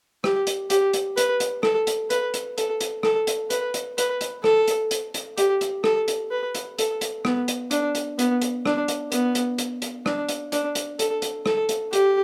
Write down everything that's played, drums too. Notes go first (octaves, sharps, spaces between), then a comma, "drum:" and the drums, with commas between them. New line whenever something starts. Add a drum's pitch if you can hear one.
G4, drum: rim click
drum: hi-hat
G4, drum: hi-hat
drum: hi-hat
B4, drum: hi-hat
drum: hi-hat
A4, drum: rim click
drum: hi-hat
B4, drum: hi-hat
drum: hi-hat
A4, drum: hi-hat
drum: hi-hat
A4, drum: rim click
drum: hi-hat
B4, drum: hi-hat
drum: hi-hat
B4, drum: hi-hat
drum: hi-hat
A4, drum: rim click
drum: hi-hat
drum: hi-hat
drum: hi-hat
G4, drum: hi-hat
drum: hi-hat
A4, drum: rim click
drum: hi-hat
B4
drum: hi-hat
A4, drum: hi-hat
drum: hi-hat
B3, drum: rim click
drum: hi-hat
D4, drum: hi-hat
drum: hi-hat
B3, drum: hi-hat
drum: hi-hat
D4, drum: rim click
drum: hi-hat
B3, drum: hi-hat
drum: hi-hat
drum: hi-hat
drum: hi-hat
D4, drum: rim click
drum: hi-hat
D4, drum: hi-hat
drum: hi-hat
A4, drum: hi-hat
drum: hi-hat
A4, drum: rim click
drum: hi-hat
G4, drum: hi-hat